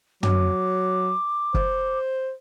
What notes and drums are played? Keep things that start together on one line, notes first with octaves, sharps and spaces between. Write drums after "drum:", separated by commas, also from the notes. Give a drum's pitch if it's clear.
F#3 D6, drum: tom
C5, drum: kick